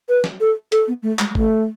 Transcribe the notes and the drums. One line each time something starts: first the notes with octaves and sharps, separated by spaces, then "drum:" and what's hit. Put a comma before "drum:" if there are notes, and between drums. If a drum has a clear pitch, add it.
B4
drum: snare
A4
A4, drum: hi-hat
B3
A3
G#3, drum: clap
G#3
A3, drum: kick